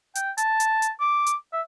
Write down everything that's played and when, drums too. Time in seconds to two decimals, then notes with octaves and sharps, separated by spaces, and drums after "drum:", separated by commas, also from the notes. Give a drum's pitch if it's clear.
0.15 G5, drum: hi-hat
0.38 A5, drum: hi-hat
0.60 drum: hi-hat
0.82 drum: hi-hat
1.00 D6
1.26 drum: hi-hat
1.53 E5